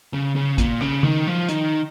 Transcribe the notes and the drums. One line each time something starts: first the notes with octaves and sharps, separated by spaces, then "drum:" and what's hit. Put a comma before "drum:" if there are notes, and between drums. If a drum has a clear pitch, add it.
C#3
C#3
A#2, drum: kick, hi-hat
C#3, drum: rim click
D#3, drum: tom
F3
D#3, drum: hi-hat